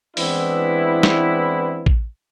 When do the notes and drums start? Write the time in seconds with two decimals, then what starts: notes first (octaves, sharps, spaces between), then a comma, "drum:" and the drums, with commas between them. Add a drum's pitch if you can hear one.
0.17 E3 G#3 B3 C4 D4 E4, drum: open hi-hat
1.03 drum: snare
1.86 drum: kick A1